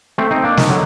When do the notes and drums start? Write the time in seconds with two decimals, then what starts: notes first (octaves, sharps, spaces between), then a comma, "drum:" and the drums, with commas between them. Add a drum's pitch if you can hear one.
0.18 A3 C4
0.31 C4 D#4
0.44 A#3 D4
0.57 D#3, drum: snare
0.70 D3 F#3